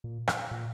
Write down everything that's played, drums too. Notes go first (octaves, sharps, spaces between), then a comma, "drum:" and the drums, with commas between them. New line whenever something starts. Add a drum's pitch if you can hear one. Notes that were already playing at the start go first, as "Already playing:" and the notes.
A#2
drum: rim click
A#2